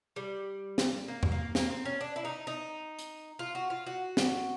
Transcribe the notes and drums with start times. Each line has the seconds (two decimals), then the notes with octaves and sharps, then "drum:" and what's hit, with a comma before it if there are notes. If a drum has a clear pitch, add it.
0.16 G3
0.78 drum: snare
1.08 A#3
1.23 drum: tom E2
1.32 A#3
1.55 A#3, drum: snare
1.70 C4
1.85 C#4
2.01 D4
2.16 E4
2.25 D#4
2.47 D#4
2.99 drum: hi-hat
3.39 F4
3.55 F#4
3.70 F4
3.86 F#4
4.17 drum: snare